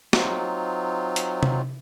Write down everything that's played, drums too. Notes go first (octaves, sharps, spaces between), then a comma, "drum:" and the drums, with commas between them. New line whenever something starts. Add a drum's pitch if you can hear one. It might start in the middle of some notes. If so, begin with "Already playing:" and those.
F#3 C4 D#4 F4, drum: snare
drum: hi-hat
drum: tom C3